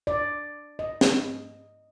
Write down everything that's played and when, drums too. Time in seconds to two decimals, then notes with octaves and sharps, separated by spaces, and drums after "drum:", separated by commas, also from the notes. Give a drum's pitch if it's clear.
0.07 D5
0.79 D#5
1.01 drum: snare